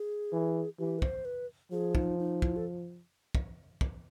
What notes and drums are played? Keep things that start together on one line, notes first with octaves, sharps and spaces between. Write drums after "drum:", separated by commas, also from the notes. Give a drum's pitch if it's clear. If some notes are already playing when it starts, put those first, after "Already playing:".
Already playing: G#4
E3
E3 G4
B4
C5, drum: kick
B4
F3 G#4
D#4, drum: kick
D#4
E4, drum: kick
A4
drum: kick
drum: kick